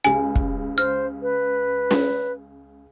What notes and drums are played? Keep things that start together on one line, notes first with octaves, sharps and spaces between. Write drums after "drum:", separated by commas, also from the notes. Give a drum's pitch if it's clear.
C#2 C#3 G4 G#5
drum: kick
C5 F6
B4
drum: snare C#4